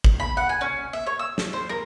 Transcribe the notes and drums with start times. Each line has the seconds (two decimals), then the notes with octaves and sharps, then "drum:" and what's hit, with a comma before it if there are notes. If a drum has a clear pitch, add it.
0.04 drum: kick
0.20 B5
0.37 F#5
0.49 G#5
0.61 C#4
0.93 E5
1.07 C#5
1.19 E6
1.38 drum: snare
1.53 C5
1.69 A#4